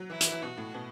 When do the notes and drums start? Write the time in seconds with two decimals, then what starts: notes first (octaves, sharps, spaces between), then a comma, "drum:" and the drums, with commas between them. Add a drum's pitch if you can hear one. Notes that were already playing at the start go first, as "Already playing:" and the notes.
Already playing: F#3
0.10 E3 E4
0.21 E3, drum: hi-hat
0.32 E3
0.42 B2 F#4
0.57 A2
0.74 B2